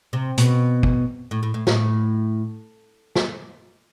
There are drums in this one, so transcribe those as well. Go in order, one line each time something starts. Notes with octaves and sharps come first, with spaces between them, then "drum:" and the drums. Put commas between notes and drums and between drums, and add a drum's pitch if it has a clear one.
C3
B2, drum: hi-hat
drum: kick
A2
A2
A2
A2, drum: snare
drum: snare